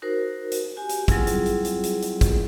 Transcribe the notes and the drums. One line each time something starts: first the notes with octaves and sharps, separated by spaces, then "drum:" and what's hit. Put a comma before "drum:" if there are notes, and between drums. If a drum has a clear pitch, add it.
D#4 F#4 A#4 C5
drum: hi-hat
F#4 G4 G#5
drum: hi-hat
F#3 G3 C4 E4 F4 G#4, drum: kick, hi-hat
drum: hi-hat
drum: hi-hat
drum: hi-hat
drum: hi-hat
drum: hi-hat
drum: kick, hi-hat